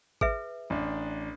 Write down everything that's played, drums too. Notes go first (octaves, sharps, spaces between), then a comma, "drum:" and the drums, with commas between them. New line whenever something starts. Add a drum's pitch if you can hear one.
G#4 B4 E5, drum: kick G#1
A1 D4